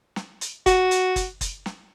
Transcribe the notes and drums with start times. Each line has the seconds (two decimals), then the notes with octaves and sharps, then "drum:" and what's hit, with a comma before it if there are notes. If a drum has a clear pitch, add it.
0.16 drum: snare
0.41 drum: hi-hat
0.66 F#4, drum: kick F#1, hi-hat
0.91 drum: hi-hat
1.16 drum: kick F#1, hi-hat
1.41 drum: kick F#1, hi-hat
1.66 drum: snare